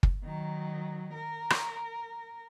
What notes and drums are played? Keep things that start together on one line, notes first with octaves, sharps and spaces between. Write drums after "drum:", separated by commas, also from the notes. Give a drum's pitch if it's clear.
drum: kick
D#3 F#3
A#4
drum: rim click